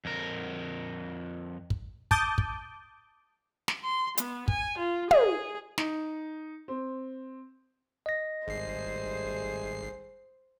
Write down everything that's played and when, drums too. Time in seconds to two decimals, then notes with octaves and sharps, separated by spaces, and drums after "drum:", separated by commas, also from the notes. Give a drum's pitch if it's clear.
0.05 F2 A#4
1.70 drum: kick
2.11 A5 D6 D#6 G6, drum: kick
2.38 drum: kick
3.68 drum: snare
3.84 C6
4.18 B3, drum: hi-hat
4.48 G#5, drum: kick
4.78 F4
5.11 G#4, drum: tom
5.78 D#4, drum: snare
6.68 C4
8.06 D#5 A#6
8.48 G#1 G3 A3 G#4 C5 C7